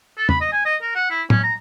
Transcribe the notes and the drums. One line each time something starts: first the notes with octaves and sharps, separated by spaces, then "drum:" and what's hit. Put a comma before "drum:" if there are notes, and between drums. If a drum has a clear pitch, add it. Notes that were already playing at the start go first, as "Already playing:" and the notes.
A4
B5, drum: tom
D#5
G#5
D#5
A#4
F#5
E4
C#4, drum: tom
A#5